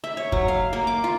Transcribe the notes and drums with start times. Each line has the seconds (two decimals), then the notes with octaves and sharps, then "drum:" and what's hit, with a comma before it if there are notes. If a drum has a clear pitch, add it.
0.04 E5
0.17 C#5
0.32 F#3, drum: kick
0.48 F5
0.73 A#3
0.87 D6
1.04 F4